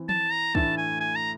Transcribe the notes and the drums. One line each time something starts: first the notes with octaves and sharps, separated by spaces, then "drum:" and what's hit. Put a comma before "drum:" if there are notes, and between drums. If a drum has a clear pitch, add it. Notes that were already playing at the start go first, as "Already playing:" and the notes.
Already playing: E3 C4
A5, drum: tom F3
A#5
A2 E3 A3 D4 A5, drum: kick
G#5
G#5
A#5